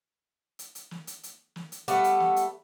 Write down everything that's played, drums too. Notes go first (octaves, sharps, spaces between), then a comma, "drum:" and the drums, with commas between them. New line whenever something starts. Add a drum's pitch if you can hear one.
drum: hi-hat
drum: hi-hat
drum: snare
drum: hi-hat
drum: hi-hat
drum: snare
drum: hi-hat
G3 A3 B3 F#5, drum: hi-hat
drum: hi-hat
drum: snare
drum: hi-hat